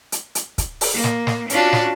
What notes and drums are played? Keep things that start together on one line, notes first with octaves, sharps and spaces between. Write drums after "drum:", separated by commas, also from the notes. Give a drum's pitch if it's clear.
drum: hi-hat
drum: hi-hat
drum: kick, hi-hat
drum: open hi-hat
A#3
drum: snare
drum: snare
C#4 D4 F4 F#4 D5 A5, drum: hi-hat
drum: snare